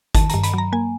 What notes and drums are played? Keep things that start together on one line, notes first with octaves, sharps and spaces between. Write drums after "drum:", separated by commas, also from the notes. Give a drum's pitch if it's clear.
D#3 A5, drum: kick G1, hi-hat
A#5, drum: hi-hat
G2
B5, drum: hi-hat
F#3 A#5
A#3 G#5